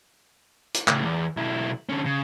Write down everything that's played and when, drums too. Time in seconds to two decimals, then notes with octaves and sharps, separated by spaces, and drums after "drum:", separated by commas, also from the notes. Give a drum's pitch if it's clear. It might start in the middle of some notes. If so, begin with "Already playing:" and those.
0.74 drum: hi-hat
0.88 A2 C#3, drum: clap
1.04 E2
1.37 B1 E4
1.89 D3 C#4
2.06 C#3